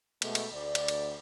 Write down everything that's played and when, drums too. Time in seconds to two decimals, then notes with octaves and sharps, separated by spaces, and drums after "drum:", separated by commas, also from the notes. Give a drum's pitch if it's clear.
0.22 B2 G#3 A3, drum: cymbal
0.35 drum: cymbal
0.52 D2 D5
0.75 drum: cymbal
0.88 drum: cymbal